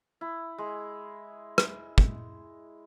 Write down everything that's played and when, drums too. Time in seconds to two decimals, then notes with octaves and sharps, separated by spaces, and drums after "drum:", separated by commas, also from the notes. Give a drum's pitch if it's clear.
0.21 E4
0.58 G#3
1.58 drum: rim click
1.98 drum: kick